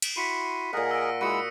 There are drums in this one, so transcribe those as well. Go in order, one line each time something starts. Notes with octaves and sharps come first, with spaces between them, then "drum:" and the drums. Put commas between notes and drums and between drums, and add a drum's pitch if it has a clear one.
drum: cymbal
E4 F#4 C6 B6 C#7 D#7
A#2 G#4 A#4 D#5 F#5
E6 A#6 D7
G#3 E4 F#4 D#6 E6 C#7 D#7